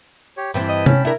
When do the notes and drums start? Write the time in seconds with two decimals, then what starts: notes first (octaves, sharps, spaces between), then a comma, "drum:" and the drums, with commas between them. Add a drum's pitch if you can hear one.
0.37 G4 C#5
0.54 G2 E3 C4 G5 A5 B5
0.69 D#5
0.86 C#4, drum: tom C3
1.05 D4 E4 A#4